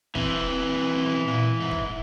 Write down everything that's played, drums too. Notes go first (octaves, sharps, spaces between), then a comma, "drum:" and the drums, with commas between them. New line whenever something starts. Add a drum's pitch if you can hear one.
B1 E3 C4, drum: kick
A#2
G#2
drum: kick